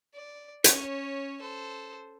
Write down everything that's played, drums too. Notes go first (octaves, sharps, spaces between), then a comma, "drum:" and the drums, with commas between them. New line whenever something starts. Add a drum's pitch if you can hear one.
D5
C#4 C#5, drum: hi-hat
A4 C5